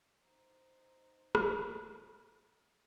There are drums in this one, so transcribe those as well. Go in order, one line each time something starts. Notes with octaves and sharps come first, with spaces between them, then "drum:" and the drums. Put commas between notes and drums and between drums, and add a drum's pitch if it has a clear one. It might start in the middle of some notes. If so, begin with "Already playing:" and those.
D#4 C5
drum: rim click